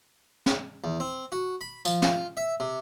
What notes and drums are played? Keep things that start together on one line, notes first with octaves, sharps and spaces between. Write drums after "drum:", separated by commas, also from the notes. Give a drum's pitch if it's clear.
drum: snare
E2
C4
F#4
B5
F3, drum: tambourine
F4, drum: snare
E5
C3